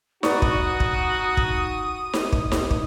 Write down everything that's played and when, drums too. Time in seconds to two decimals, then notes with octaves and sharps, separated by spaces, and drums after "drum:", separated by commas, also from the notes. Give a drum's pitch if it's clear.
0.23 D#4 F#4 B4 D5 C#6 D#6, drum: snare D#4
0.42 drum: kick
0.80 drum: kick
1.37 drum: kick
2.13 drum: snare D#4
2.33 drum: kick
2.52 drum: snare D#4
2.71 drum: kick